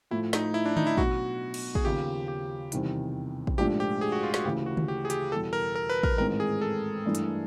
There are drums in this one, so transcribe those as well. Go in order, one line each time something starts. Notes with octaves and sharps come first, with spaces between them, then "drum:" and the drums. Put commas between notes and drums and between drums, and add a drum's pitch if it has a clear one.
A2 F3 A3 E4
D#4, drum: snare
E4
D4
D#4, drum: tom D3
E4
B2 F#3 B3 F#4, drum: kick
drum: cymbal
G#4, drum: kick
D#2 C#3 F3 G4
G4
E2 C3 D#3 G3, drum: hi-hat
drum: kick
A#1 G#2 F3 A3 D4 G4
G4
G#4
F#4
F4
F#4, drum: snare
D2 C#3 E3 G4
F#4
drum: tom D3
G4
G#4
G4, drum: hi-hat
E2 B2 G3 A4
A#4
A#4
B4
A#4, drum: kick
A1 G#2 D#3 G#3 C4 A#4
G#4
A4
G2 E3 A3 D4
drum: hi-hat